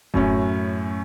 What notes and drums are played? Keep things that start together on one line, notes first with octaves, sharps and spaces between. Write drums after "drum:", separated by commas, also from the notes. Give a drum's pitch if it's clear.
F#2 A2 C#4, drum: kick D#1